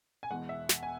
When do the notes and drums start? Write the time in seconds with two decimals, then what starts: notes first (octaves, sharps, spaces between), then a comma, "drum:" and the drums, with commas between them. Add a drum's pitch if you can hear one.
0.23 G#5
0.30 E1 E2 B2 G#3 F#5
0.49 E5
0.69 drum: snare
0.83 G#5